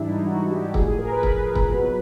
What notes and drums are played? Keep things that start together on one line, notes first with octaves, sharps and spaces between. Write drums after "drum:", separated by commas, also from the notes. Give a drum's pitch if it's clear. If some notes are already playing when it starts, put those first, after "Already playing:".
Already playing: G#2 E3 G3 D4 E4
D#4
F#4
G4
A2 F3 G#4, drum: kick
G#4
A#4
B4
B4, drum: kick
drum: kick
C2 B2 F#3